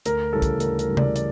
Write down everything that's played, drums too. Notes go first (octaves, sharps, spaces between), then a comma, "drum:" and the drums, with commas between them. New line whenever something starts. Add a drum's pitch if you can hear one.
D2 A#4, drum: hi-hat
C#3 E3 G3 A4
drum: kick, hi-hat
D2 A#4, drum: hi-hat
A#4, drum: hi-hat
C#3 E3 G3
D5, drum: tom C3
D5, drum: hi-hat